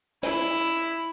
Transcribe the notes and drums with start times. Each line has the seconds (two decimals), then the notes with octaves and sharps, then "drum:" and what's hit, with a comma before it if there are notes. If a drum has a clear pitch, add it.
0.23 E4, drum: hi-hat